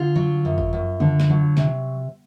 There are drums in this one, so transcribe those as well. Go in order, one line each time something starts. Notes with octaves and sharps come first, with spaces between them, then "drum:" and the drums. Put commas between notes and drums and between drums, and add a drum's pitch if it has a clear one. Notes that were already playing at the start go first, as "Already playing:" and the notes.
Already playing: D3 F4
F#3
F#2
drum: kick
F#2
D3, drum: tom D3
drum: snare
F#3
C3, drum: snare